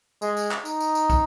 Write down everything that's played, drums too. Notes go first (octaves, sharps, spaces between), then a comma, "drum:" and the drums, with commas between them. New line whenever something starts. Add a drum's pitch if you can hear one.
G#3, drum: tambourine
drum: tambourine
drum: clap
D#4, drum: tambourine
drum: tambourine
drum: tambourine
drum: kick, tambourine